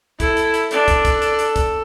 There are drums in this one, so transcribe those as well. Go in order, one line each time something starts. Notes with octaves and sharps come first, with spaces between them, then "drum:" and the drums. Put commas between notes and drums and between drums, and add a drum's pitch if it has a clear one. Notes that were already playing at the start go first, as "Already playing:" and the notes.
E4 A4, drum: kick, hi-hat
drum: hi-hat
drum: hi-hat
D4 A4, drum: hi-hat
drum: kick, hi-hat
drum: kick, hi-hat
drum: hi-hat
drum: hi-hat
drum: kick, hi-hat